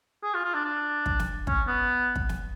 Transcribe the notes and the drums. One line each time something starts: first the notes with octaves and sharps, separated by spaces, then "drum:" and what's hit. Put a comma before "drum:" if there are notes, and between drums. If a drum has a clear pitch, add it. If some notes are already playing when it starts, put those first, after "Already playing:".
G#4
F4
F4
D4
D4
drum: kick
drum: snare
C#4, drum: kick
B3
drum: kick
drum: snare